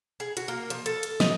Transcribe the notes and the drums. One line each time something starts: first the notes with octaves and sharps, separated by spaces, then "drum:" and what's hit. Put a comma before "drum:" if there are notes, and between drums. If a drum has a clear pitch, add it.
G#4
F#4, drum: hi-hat
A#3
F3, drum: hi-hat
A4, drum: hi-hat
drum: hi-hat
D#5, drum: snare